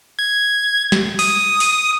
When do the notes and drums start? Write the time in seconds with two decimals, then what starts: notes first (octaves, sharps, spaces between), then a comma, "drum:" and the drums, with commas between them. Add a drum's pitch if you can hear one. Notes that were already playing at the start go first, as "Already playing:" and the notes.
0.19 G#6
0.92 drum: snare
1.19 D#6, drum: open hi-hat
1.60 drum: open hi-hat